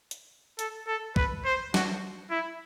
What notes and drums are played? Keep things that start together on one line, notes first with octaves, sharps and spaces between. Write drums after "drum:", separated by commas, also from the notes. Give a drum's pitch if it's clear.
drum: hi-hat
A4, drum: hi-hat
A4
B4, drum: kick
C5
F#4, drum: snare
E4